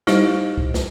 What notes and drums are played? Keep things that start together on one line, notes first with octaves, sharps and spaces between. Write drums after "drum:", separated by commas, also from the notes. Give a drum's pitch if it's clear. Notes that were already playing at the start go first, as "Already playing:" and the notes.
G3 D#4 E4 G4 C5 D#5, drum: snare
drum: kick C2
drum: snare